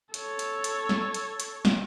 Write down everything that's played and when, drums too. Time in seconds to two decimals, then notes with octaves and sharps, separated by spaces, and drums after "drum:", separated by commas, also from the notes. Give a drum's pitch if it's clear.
0.14 A4 C#5, drum: hi-hat
0.39 drum: hi-hat
0.64 drum: hi-hat
0.89 drum: snare
1.14 drum: hi-hat
1.40 drum: hi-hat
1.65 drum: snare